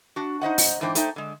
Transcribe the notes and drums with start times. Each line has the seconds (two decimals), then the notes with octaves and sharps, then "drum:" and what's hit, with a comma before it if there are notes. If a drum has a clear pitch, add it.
0.16 D4 F#4
0.41 D#4 C5 D#5 F#5
0.58 drum: open hi-hat
0.81 G#2 E3 D4 C5 G5
0.95 A3 D#4 C5 G5, drum: hi-hat
1.16 D3 G#3